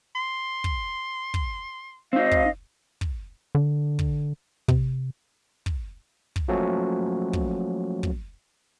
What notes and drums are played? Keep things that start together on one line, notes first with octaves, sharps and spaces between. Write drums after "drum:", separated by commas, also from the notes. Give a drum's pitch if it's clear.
C6
drum: kick
drum: kick
C4 D#4 D#5 F5
drum: kick
drum: kick
D3
drum: kick
C3, drum: kick
drum: kick
drum: kick
F3 F#3 A3 A#3 C#4 F#4
drum: kick
drum: kick